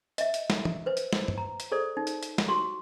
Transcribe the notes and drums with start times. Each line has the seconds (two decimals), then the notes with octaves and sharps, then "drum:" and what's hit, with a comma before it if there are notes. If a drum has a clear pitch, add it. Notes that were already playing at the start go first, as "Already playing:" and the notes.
0.18 D#5 E5, drum: hi-hat
0.34 drum: hi-hat
0.50 drum: snare
0.65 drum: tom
0.86 B4 C5
0.97 drum: hi-hat
1.13 drum: snare
1.28 drum: tom
1.38 A#5
1.60 drum: hi-hat
1.72 G#4 A4 C5 D5
1.97 D#4
2.07 drum: hi-hat
2.23 drum: hi-hat
2.38 drum: snare
2.48 F#4 G4 C6